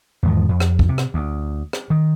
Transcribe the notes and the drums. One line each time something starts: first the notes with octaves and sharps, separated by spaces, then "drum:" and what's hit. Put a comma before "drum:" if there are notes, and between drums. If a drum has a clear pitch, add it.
E2 G#2 D#3 F3
F2
drum: rim click
drum: kick
C3
drum: rim click
D2
drum: rim click
D#3